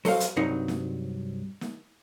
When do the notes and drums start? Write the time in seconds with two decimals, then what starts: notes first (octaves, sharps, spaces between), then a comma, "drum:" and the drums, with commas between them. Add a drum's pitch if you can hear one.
0.05 F#3 A4 C5 F5, drum: open hi-hat
0.20 drum: hi-hat
0.36 C2 G2 F#3 C4 D#4
0.68 drum: snare
1.61 drum: snare